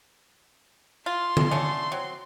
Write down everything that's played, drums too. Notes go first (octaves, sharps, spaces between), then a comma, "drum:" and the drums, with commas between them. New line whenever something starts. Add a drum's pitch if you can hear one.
F4 C6
drum: tom D3
D3 A3 C#4
F#3 C4